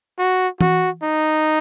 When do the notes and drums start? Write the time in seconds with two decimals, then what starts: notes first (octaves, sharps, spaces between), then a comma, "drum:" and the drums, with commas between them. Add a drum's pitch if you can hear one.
0.18 F#4
0.61 F#4, drum: tom E3
1.02 D#4